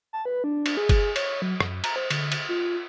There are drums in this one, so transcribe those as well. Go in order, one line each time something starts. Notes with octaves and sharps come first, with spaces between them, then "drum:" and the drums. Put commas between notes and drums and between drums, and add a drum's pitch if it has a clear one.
A5
B4
D4
drum: cymbal
G#4
drum: kick F#1, cymbal
C#5, drum: cymbal
F#3
F#2, drum: rim click
A#5, drum: cymbal
C5
D3, drum: cymbal
drum: cymbal
F4